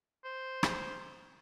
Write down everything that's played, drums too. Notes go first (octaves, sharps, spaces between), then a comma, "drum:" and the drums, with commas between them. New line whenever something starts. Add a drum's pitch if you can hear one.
C5
drum: rim click